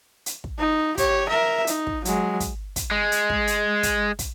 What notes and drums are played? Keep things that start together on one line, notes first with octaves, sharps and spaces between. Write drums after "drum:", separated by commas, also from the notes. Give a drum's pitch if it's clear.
drum: hi-hat
drum: kick
D#4
G4 C#5, drum: kick, hi-hat
A#4 E5
D#4, drum: hi-hat
drum: kick
F#3 G#3, drum: hi-hat
drum: kick, hi-hat
drum: kick, hi-hat
G#3
drum: hi-hat
drum: kick
drum: hi-hat
drum: kick, hi-hat
drum: kick, hi-hat